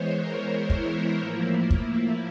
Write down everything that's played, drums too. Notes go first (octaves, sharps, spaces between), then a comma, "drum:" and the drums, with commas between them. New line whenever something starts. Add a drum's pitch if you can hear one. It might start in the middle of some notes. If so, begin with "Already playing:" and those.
Already playing: E3 G#3 B3 C5 C#5
A#4
E4, drum: kick
A2 F3 A#3
drum: kick